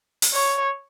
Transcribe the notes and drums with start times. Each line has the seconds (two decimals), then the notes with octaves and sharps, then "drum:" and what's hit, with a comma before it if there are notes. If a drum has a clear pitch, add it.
0.22 drum: open hi-hat
0.33 C#5